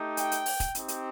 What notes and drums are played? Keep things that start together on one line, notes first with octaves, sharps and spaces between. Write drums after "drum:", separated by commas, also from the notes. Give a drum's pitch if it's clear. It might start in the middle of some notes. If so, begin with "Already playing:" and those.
Already playing: A3 D#4 G4
G5, drum: hi-hat
drum: hi-hat
drum: open hi-hat
drum: kick, hi-hat
C4 D#4 G4, drum: hi-hat
drum: hi-hat